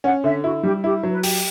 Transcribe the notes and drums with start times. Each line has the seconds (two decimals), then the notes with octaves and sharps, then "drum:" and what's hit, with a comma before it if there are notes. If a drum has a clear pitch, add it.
0.04 C#4 F#5
0.24 D3 E5
0.43 E4 F#4
0.63 G3 G4
0.83 E4 G4
1.03 F#3
1.10 B4
1.23 G4, drum: open hi-hat